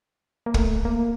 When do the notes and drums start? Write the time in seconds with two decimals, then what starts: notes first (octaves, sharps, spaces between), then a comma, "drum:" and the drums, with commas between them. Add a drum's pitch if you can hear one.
0.46 A#3
0.54 A3, drum: kick
0.85 A#3